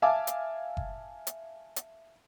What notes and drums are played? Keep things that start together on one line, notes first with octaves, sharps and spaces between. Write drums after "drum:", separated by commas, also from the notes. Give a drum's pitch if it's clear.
E5 F5 G#5 A5 D6
drum: hi-hat
drum: kick F#1
drum: hi-hat
drum: hi-hat